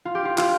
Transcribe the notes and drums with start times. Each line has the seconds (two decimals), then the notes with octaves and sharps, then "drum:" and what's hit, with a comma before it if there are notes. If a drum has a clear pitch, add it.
0.05 F4
0.15 G4
0.25 F4
0.38 F4, drum: clap